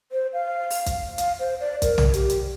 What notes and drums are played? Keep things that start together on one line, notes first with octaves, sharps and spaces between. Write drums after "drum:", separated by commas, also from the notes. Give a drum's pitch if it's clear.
C5
F5
drum: open hi-hat
drum: kick, hi-hat
F5, drum: hi-hat
C5
D5
A#4, drum: kick, hi-hat
drum: tom
G4, drum: hi-hat
drum: hi-hat